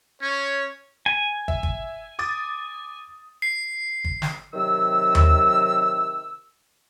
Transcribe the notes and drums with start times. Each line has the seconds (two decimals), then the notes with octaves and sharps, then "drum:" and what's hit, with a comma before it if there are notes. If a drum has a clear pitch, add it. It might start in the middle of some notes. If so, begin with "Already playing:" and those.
0.22 C#4 C#5
1.06 G#5
1.48 E5, drum: kick
1.63 drum: kick
2.19 D6 D#6 A6
3.42 C7
4.04 drum: kick
4.22 drum: snare
4.53 C3 D#3 F#3 E6
5.15 drum: tom D#2